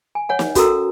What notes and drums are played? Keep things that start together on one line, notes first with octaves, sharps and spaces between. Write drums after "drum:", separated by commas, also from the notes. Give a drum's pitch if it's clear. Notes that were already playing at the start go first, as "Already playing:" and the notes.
G#5
C#5 F#5 G#5
drum: snare
C#4 F#4 A4 A#4 A#5 E6, drum: kick, hi-hat